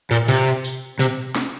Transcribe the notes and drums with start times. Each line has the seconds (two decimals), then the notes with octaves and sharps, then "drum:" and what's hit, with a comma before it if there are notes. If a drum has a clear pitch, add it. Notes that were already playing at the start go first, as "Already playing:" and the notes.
0.11 A#2
0.28 C3, drum: tambourine
0.64 drum: tambourine
1.00 C3, drum: tambourine
1.35 drum: snare